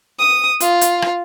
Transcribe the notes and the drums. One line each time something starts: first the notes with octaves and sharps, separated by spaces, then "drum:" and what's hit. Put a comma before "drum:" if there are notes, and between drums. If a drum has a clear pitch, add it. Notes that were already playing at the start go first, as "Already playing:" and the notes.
D#6
F4, drum: hi-hat
drum: hi-hat
drum: rim click